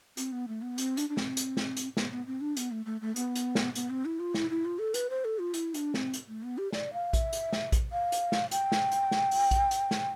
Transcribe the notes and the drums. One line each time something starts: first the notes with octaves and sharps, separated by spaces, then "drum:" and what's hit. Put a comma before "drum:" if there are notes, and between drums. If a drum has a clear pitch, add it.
C4, drum: hi-hat
B3
A3
B3
C4, drum: hi-hat
D4, drum: hi-hat
D4
C4, drum: snare
drum: hi-hat
drum: snare
drum: hi-hat
B3, drum: snare
B3
C4
D4
B3, drum: hi-hat
A3
A3
A3
B3, drum: hi-hat
drum: hi-hat
drum: snare
B3, drum: hi-hat
C4
E4
F4
E4, drum: snare
E4
F4
A4
B4, drum: hi-hat
C5
A4
F4
E4, drum: hi-hat
D4, drum: hi-hat
C4, drum: snare
drum: hi-hat
A3
B3
G4
D5, drum: snare
F5
E5, drum: kick A#1, hi-hat
drum: hi-hat
drum: snare
drum: kick A#1, hi-hat
F5
drum: hi-hat
drum: snare
G5, drum: hi-hat
drum: snare
drum: hi-hat
drum: snare
drum: open hi-hat
drum: kick A#1, hi-hat
drum: hi-hat
drum: snare